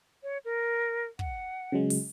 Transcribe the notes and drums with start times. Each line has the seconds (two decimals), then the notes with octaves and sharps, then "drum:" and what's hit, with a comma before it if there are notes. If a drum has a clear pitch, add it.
0.23 C#5
0.45 A#4
1.19 F#5, drum: kick
1.72 C#3 F#3 G#3
1.90 drum: open hi-hat